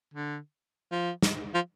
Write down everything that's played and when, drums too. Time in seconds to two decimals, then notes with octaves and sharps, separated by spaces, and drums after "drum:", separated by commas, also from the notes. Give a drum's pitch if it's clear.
0.14 D3
0.92 F3
1.22 drum: snare
1.54 F3